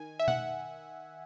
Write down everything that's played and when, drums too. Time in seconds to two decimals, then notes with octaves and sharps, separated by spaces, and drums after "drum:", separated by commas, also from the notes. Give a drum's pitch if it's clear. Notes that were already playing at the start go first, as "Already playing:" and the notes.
Already playing: D#3 G#5
0.20 E5
0.28 F#5, drum: tom B2